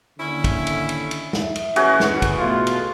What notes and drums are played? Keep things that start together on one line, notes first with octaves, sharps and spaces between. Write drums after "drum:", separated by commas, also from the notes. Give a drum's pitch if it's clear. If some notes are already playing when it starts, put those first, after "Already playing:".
D#2 D3 C#4 E4
drum: kick, cymbal
drum: cymbal
drum: cymbal
drum: cymbal
E5, drum: snare
drum: cymbal
D#2 A2 E3 C#4 F#4 G#4, drum: cymbal
drum: snare
drum: kick, cymbal
B2 A3 F4
drum: cymbal